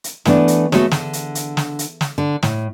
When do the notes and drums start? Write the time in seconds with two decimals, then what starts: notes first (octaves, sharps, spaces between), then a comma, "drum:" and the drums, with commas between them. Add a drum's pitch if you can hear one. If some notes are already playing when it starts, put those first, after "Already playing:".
0.04 drum: hi-hat
0.25 E3 A3 B3 D4, drum: snare
0.48 drum: hi-hat
0.72 A3 B3 F#4 G#4 C#5, drum: snare
0.91 D3, drum: snare
1.13 drum: hi-hat
1.35 drum: hi-hat
1.57 drum: snare
1.79 drum: hi-hat
2.01 drum: snare
2.18 D3
2.43 A2, drum: snare